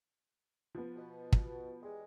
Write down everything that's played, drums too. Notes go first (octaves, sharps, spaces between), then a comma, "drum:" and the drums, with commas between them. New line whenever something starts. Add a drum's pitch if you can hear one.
F3 B3
B2
drum: kick
E2 G3 G#3